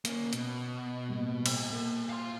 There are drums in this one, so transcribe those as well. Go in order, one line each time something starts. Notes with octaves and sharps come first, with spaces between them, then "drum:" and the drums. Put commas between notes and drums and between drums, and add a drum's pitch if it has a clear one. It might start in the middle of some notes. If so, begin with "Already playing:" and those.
A#3 C#4, drum: hi-hat
B2, drum: hi-hat
A2 G3 A#3
drum: cymbal
A#2 A#3
F5 C6